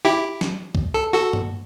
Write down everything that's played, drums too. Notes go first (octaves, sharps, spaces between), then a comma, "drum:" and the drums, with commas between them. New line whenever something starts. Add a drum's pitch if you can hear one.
E4 G4
drum: snare
drum: kick C2
A4
F#4 A4
drum: tom G2